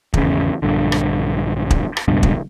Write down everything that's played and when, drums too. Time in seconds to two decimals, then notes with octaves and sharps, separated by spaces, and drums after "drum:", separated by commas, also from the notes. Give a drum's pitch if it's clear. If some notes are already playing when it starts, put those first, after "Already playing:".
0.14 G#1 E2 C#3, drum: kick
0.62 A#1 G2 D3
0.92 drum: rim click
1.70 drum: kick
1.97 drum: rim click
2.08 C#2 G2 B2 D4
2.23 drum: kick